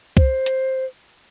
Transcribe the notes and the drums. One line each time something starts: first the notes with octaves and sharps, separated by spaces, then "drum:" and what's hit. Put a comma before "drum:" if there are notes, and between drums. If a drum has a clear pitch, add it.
C5, drum: kick C2
drum: hi-hat